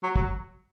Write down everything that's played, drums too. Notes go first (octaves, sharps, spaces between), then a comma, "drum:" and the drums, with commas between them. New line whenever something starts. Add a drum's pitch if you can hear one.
F#3
F#3, drum: kick